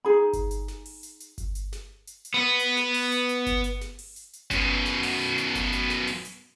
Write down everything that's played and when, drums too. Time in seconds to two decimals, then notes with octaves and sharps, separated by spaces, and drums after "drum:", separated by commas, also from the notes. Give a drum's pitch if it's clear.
0.05 D#4 G#4 B5
0.33 drum: kick G1, hi-hat
0.51 drum: hi-hat
0.68 drum: snare
0.86 drum: open hi-hat
1.03 drum: hi-hat
1.20 drum: hi-hat
1.38 drum: kick G1, hi-hat
1.55 drum: hi-hat
1.72 drum: snare
2.07 drum: hi-hat
2.25 drum: hi-hat
2.34 B3 B4
2.59 drum: hi-hat
2.77 drum: snare
2.94 drum: open hi-hat
3.12 drum: hi-hat
3.29 drum: hi-hat
3.46 drum: kick G1, hi-hat
3.64 drum: hi-hat
3.81 drum: snare
3.99 drum: open hi-hat
4.16 drum: hi-hat
4.33 drum: hi-hat
4.51 F#2 B2, drum: kick G1, hi-hat
4.86 drum: snare
5.03 drum: open hi-hat
5.38 drum: hi-hat
5.55 drum: kick G1, hi-hat
5.73 drum: hi-hat
5.90 drum: snare
6.07 drum: open hi-hat
6.25 drum: hi-hat